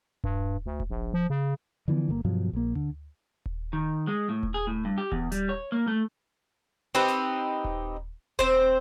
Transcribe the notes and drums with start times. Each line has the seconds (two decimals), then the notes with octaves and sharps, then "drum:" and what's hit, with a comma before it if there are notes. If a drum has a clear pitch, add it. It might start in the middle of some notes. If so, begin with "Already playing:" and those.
0.24 G2, drum: kick D#1
0.66 D2
0.80 drum: kick D#1
0.90 A#1
1.14 F3
1.30 C#3
1.88 D3 E3 F3 B3
2.09 G1 D3 A#3
2.25 G2 B2 F3 F#3
2.53 A#1 A#3
2.75 D3, drum: tom D2
3.46 drum: kick D#1
3.73 D#3
4.07 G#3
4.29 A2
4.43 drum: kick D#1
4.54 G#4
4.67 A2
4.85 G2
4.98 G4
5.12 E2, drum: kick D#1
5.32 G3, drum: hi-hat
5.49 C#5
5.72 A#3
5.88 A3
6.95 C4 D#4 G4 B4
7.08 drum: snare
7.64 drum: kick D#1
8.39 C4 C5, drum: kick D#1